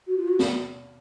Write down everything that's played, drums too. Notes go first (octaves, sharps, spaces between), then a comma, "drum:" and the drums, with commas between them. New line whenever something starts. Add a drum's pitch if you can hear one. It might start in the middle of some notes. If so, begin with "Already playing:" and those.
F#4
F4
F#4
drum: snare